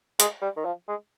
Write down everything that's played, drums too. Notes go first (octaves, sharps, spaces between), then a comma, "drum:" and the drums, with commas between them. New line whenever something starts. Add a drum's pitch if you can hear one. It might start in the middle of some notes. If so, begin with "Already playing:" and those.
G#3, drum: hi-hat
G3
D#3
F3
G#3